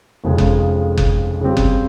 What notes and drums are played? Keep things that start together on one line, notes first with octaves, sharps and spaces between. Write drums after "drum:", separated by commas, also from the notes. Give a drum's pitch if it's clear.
F1 F2 C#3 F3 G#3
drum: kick F#1
drum: kick F#1
C#3 G3 C4 G4
drum: kick F#1